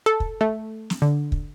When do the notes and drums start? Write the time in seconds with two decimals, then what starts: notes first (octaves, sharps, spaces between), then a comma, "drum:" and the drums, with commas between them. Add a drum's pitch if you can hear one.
0.06 A4
0.20 drum: kick
0.41 A3
0.90 drum: snare
1.02 D3
1.32 drum: kick